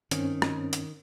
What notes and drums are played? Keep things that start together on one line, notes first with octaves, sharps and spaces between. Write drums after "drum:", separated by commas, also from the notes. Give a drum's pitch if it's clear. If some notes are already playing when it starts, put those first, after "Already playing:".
G2 D#3 C4 C#4, drum: hi-hat
drum: rim click
drum: hi-hat